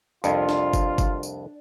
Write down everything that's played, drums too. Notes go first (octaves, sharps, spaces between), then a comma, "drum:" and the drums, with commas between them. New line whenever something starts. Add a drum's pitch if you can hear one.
C2 F2 D4 F4, drum: tambourine
drum: snare
drum: kick G1, tambourine
drum: kick G1, tambourine
drum: tambourine